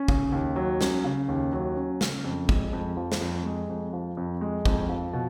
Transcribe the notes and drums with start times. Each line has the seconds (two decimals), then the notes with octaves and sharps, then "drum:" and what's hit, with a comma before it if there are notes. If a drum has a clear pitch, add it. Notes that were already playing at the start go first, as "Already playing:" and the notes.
Already playing: C#4
0.08 C#3, drum: kick
0.32 D#2
0.56 F#3
0.81 C#4, drum: snare
1.04 C#3
1.28 D#2
1.53 F#3
1.77 C#4
2.01 C#3, drum: snare
2.24 F2
2.49 G#3, drum: kick
2.73 F2
2.97 F3
3.12 drum: snare
3.21 F2
3.45 G#3
3.69 F2
3.93 F3
4.17 F2
4.41 G#3
4.65 F2, drum: kick
4.89 F3
5.13 B2